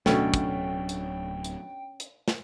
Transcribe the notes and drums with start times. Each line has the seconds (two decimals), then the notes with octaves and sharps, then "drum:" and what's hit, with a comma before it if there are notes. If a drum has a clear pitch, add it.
0.06 D1 B2 D3 F#3 A3 C#4 D4 G5, drum: snare
0.34 drum: kick, hi-hat
0.89 drum: hi-hat
1.44 drum: hi-hat
2.00 drum: hi-hat
2.28 drum: snare